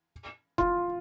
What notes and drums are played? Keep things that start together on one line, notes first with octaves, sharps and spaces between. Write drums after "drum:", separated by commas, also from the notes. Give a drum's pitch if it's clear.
F4, drum: kick F1